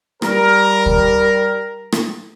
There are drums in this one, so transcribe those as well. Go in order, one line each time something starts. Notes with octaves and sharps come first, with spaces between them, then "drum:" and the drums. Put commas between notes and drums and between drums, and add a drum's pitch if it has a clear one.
G3 A#4, drum: rim click
drum: kick D2
drum: rim click